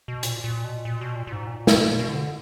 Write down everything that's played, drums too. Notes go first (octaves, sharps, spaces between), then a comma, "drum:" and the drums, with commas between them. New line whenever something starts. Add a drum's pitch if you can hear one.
B2
A#2, drum: hi-hat
A#2
B2
A#2
B2
A#2
A#2
G#2
A#2
B2, drum: snare
A#2
B2
D3